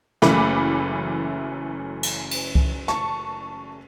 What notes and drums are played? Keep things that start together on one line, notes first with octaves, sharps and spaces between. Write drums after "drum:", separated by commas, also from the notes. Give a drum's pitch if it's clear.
F#1 F#2 E3 A3 B5 D6, drum: snare
drum: cymbal
drum: cymbal
drum: kick C2
A5 C#6, drum: snare